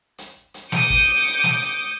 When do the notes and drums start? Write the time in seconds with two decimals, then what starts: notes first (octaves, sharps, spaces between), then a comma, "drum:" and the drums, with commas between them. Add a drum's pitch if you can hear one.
0.18 drum: hi-hat
0.54 drum: hi-hat
0.72 D6 D#6 G6 C#7 D7, drum: snare
0.90 drum: kick, hi-hat
1.26 drum: hi-hat
1.44 drum: snare
1.61 drum: hi-hat